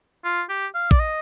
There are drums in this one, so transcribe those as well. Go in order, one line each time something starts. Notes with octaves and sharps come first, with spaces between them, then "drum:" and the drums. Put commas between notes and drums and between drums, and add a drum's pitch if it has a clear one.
F4
G4
F5
D5, drum: kick
D#5